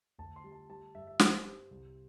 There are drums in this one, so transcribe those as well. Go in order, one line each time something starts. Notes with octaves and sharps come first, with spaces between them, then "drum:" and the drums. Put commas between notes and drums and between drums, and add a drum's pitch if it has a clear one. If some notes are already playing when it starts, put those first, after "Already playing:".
D2 A5
C6
G3
A5
G3 A5
G2 E5
E5
G2 C5, drum: snare
G3
C2